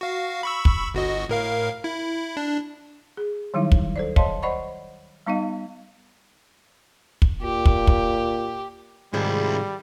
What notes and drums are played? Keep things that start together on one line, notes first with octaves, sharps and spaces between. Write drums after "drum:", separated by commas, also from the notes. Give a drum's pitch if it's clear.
F#4 F5
B5 C#6 E6
drum: kick
G1 F#4 D#5
A2 A#4 F5
E4
D4
G#4
D#3 F#3 G3 D#4 E4
drum: kick
A4 C5 D5
C#5 D#5 F5 A5 C6, drum: kick
C5 D5 D#5 F#5 B5 C#6
G3 B3 D#4 D#5 F5
drum: kick
A#2 G4
drum: kick
drum: kick
C2 G#2 D#3 G3 E4 F4 G#4 C5